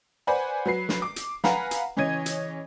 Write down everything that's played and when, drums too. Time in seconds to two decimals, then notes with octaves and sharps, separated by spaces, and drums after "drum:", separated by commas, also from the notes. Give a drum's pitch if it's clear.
0.27 B4 C5 D5 F#5 G#5 B5
0.66 F#3 B4 C7
0.89 drum: snare
1.02 D6
1.16 drum: hi-hat
1.44 B4 F5 F#5 G#5 A#5 B5, drum: snare
1.71 drum: hi-hat
1.97 C#3 E3 C#5 D#5 G#6 D#7
2.26 drum: hi-hat